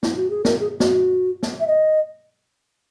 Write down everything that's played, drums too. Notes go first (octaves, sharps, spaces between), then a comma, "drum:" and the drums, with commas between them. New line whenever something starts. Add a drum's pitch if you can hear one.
E4, drum: snare
F#4
G#4
A#4, drum: snare
G#4
F#4, drum: snare
drum: snare
E5
D#5